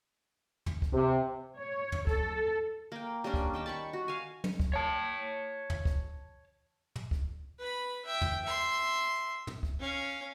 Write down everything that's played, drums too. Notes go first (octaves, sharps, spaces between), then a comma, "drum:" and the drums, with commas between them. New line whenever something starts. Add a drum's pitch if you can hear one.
drum: tom
drum: kick
C3
C#5
drum: tom
A4, drum: kick
A#3 G5
G3 A#3 C#4 D4
drum: kick
D#3 G5 A5
A5 B5 C#6
F#4
F5 G#5
drum: tom
drum: kick
C#5 A5
drum: tom
drum: kick
drum: tom
drum: kick
B4 B5
E5 G5
drum: tom
E5 C6
drum: tom
drum: kick
C#4 F5